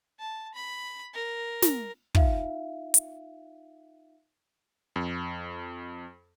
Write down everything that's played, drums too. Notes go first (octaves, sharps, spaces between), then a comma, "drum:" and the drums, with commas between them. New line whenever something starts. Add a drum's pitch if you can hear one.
A5
B5
A#4
drum: snare
D#4 F4 E5 F5, drum: kick
drum: hi-hat
F2